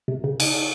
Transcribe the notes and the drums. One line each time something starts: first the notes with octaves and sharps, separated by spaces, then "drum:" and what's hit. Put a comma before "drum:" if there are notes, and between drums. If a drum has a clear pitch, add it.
C3
C#3
drum: cymbal